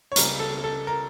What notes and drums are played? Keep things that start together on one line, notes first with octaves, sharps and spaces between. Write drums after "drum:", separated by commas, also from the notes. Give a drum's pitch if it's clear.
C#5
C#2 C#3 G3 A#4, drum: hi-hat
A4
A4
A#4